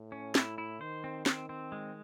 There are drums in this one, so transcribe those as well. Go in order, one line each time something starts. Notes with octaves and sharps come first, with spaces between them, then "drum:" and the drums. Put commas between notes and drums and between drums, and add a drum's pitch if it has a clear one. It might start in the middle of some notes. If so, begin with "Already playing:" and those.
Already playing: A2
C#4
E4, drum: snare
E4
D#3 C5
C4
D#3 C4, drum: snare
C4
G#3